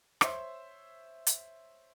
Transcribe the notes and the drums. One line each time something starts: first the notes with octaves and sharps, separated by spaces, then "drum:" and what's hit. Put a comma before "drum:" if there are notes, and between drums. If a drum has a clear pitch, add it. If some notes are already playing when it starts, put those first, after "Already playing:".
C5 C#5 E5 C6, drum: rim click
drum: hi-hat